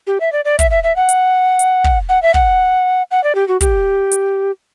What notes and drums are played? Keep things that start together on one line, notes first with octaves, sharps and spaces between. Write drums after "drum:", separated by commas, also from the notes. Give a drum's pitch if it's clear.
G4
E5
D5
D5
E5, drum: kick, hi-hat
E5
E5
F#5
drum: hi-hat
drum: hi-hat
drum: kick
F#5
E5
F#5, drum: kick
F#5
D5
G4
F#4
G4, drum: kick, hi-hat
drum: hi-hat